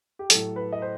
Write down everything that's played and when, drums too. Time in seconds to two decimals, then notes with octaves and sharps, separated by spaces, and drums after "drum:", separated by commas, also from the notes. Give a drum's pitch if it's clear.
0.19 G4
0.30 A2 F#3 A4, drum: hi-hat
0.56 B4
0.73 D#5
0.82 C5